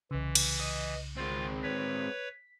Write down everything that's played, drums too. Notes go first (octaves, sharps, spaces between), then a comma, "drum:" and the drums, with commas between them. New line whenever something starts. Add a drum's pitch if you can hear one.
C2 C#3 E3
drum: cymbal
D#5
G#3 C4 F4
B4 C#5 B6